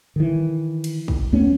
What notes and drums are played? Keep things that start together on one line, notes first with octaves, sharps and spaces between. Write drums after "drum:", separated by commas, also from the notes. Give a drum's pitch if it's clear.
D#3 E3
drum: cymbal
drum: kick
D#2 A3 B3 C#4